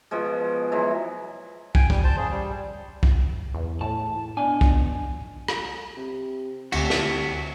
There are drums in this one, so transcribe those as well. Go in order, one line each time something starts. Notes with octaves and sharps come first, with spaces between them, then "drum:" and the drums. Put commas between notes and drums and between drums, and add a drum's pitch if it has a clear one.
B2 F3 G#3
E3 F#3 G#3
G5 G#5, drum: kick
G3, drum: kick
C5 A5 G6
C#3 G#4
G3
drum: kick
E2
A2 A5
B2 D4 G#5
drum: kick
drum: rim click
C3
D2 C3 F#4 A4 C#5 B6, drum: cymbal
drum: snare